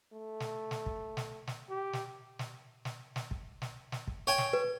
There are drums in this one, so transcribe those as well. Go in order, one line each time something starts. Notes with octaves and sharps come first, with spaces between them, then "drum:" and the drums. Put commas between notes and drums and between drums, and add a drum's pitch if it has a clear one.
A3
drum: snare
drum: snare
drum: kick
drum: snare
drum: snare
G4
drum: snare
drum: snare
drum: snare
drum: snare
drum: kick
drum: snare
drum: snare
drum: kick
C#5 G5 G#5
drum: snare
B4